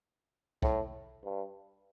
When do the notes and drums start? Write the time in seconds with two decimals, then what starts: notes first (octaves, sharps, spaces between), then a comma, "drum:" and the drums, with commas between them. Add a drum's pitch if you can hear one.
0.62 A2, drum: kick B1
1.24 G2